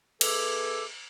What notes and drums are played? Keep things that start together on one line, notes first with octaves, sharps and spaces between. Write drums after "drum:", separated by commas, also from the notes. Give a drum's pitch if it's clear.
B3 G#4 A4 E5 G#5 D6, drum: cymbal